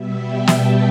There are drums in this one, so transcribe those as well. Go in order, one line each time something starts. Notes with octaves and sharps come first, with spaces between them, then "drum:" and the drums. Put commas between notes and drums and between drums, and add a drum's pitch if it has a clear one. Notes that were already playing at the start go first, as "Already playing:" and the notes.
Already playing: B2 G3 B3 E5
G5
A5, drum: snare